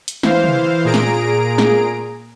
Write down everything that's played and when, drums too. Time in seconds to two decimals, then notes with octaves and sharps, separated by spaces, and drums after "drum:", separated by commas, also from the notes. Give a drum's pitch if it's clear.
0.08 drum: hi-hat
0.23 E3 C5 F5, drum: snare
0.44 drum: tom C3
0.84 A#2 G#4 A#5 D7
0.94 drum: snare
1.58 drum: snare